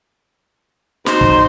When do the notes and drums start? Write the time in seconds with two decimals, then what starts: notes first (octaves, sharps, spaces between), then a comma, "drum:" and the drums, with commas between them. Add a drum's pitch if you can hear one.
1.06 D#4 F#4 C5, drum: snare
1.21 drum: kick